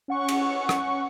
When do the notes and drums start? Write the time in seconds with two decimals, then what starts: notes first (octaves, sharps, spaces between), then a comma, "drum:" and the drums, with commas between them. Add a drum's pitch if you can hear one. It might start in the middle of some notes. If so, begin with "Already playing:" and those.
0.08 C#4 F#5 C#6
0.28 drum: cymbal
0.69 drum: rim click